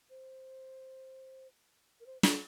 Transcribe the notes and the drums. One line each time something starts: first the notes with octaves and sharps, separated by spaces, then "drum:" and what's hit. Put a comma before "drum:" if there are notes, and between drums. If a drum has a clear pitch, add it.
C5
A#4
C5
A#4, drum: snare